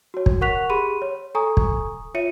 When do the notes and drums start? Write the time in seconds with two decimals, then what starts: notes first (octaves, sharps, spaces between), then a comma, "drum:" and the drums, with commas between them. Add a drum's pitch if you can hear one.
0.14 F#4 C#5
0.26 drum: kick
0.41 A#4 F#5 C#6 F#6 B6 F7
0.70 G4 G#4 B5 C6 D#7
1.02 C#5
1.35 A4 G#5 A#5 C#6 D#6
1.57 drum: kick
2.14 F4 C#5 E5 C#7 D#7